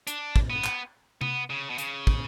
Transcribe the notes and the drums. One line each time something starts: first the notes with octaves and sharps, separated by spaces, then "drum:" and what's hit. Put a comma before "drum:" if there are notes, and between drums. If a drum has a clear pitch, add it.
D4, drum: hi-hat
drum: kick
B3
drum: clap
B3, drum: tom C3
C#3
B2
C#3, drum: hi-hat
drum: kick